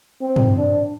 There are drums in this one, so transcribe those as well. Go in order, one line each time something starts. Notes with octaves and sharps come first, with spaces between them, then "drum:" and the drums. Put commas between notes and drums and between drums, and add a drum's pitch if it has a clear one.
C4
drum: tom G2
D4